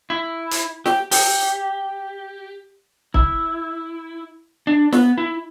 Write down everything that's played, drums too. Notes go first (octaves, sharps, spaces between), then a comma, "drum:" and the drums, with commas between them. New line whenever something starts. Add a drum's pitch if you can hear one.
E4
drum: hi-hat
G4, drum: snare
G4, drum: open hi-hat
E4, drum: kick
D4
B3, drum: snare
E4